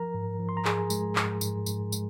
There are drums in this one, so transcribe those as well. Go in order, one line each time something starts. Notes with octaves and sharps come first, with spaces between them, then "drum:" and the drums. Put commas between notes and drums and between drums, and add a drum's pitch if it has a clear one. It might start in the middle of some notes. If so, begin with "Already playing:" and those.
Already playing: F3 A#4 A#5
G#2
F3
C6
A#5
G#2 G#4 G#5, drum: clap
G#3, drum: tambourine
G#2, drum: clap
G#2, drum: tambourine
G#2, drum: tambourine
G#3, drum: tambourine